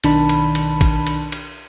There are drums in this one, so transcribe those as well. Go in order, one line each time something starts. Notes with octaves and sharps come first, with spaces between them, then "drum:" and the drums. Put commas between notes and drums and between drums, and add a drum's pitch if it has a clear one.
B1 D#3 D4 A5 B5, drum: cymbal
drum: cymbal
drum: cymbal
drum: kick, cymbal
drum: cymbal
drum: cymbal